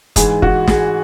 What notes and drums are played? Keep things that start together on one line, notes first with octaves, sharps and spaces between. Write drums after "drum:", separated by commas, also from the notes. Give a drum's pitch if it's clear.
G#2 E3 G#4, drum: kick, hi-hat
F#4, drum: kick
G#4, drum: snare